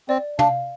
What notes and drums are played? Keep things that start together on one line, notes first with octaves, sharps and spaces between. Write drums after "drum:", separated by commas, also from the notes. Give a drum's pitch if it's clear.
C4 D5
D4 F5, drum: tom